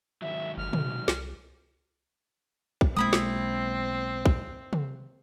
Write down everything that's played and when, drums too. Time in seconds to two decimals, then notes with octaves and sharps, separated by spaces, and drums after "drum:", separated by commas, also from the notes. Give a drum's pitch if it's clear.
0.22 G#2 D#3 F#3 E5
0.57 G1 F6
0.73 B2, drum: tom
1.08 C2, drum: snare
2.81 drum: kick
2.96 B1 G#3 A#3 C4 E4 B5 D#6
3.13 drum: snare
4.26 drum: kick
4.73 drum: tom